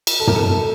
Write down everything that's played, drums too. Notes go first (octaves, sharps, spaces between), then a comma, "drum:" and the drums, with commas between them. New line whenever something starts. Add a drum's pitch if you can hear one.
drum: cymbal
A4
A#4, drum: tom
A4